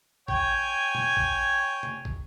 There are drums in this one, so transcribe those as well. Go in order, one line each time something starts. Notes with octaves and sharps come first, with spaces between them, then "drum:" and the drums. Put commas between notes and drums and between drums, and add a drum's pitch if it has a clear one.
C#5 G5 G#5, drum: kick
drum: tom
drum: kick
drum: tom
drum: kick